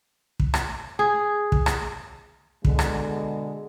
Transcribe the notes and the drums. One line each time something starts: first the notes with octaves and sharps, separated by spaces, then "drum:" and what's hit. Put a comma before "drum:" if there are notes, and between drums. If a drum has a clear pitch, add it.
drum: kick
drum: rim click
G#4
drum: kick
drum: rim click
B2 D3 G#3, drum: kick
drum: rim click